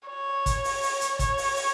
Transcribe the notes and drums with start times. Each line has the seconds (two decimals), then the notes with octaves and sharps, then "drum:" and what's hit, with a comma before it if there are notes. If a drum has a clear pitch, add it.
0.09 C#5
0.46 drum: kick, hi-hat
0.64 drum: open hi-hat
0.83 drum: open hi-hat
1.01 drum: hi-hat
1.19 C#5, drum: kick, hi-hat
1.38 drum: open hi-hat
1.56 drum: open hi-hat